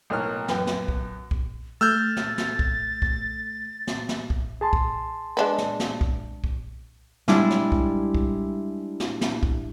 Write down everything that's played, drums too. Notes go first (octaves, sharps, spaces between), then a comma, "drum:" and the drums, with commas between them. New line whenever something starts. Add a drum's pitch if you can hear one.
B1 A2 A#3 C#5 F6
F#2 B3 G5, drum: snare
drum: snare
drum: kick
drum: kick
A3 E6 F6 G6 A6
drum: snare
drum: snare
drum: kick
drum: kick
drum: snare
drum: snare
drum: kick
G#4 A5 C6
drum: kick
G#3 D4 B4
drum: snare
drum: snare
drum: kick
drum: kick
G3 G#3 D4 E4, drum: snare
drum: snare
drum: kick
drum: kick
drum: snare
drum: snare
drum: kick